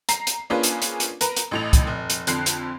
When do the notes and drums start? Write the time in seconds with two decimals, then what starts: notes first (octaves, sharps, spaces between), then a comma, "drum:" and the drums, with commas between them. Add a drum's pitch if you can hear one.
0.09 A#5 C7, drum: hi-hat
0.27 drum: hi-hat
0.50 A#3 C#4 D4 F4 G#4 B4
0.63 drum: hi-hat
0.82 drum: hi-hat
1.00 drum: hi-hat
1.21 A#4 B4 A#5, drum: hi-hat
1.37 drum: hi-hat
1.51 A1 A2 F7
1.73 drum: kick, hi-hat
1.87 F1
2.10 drum: hi-hat
2.27 F2 D3 F#6 C7, drum: hi-hat
2.46 drum: hi-hat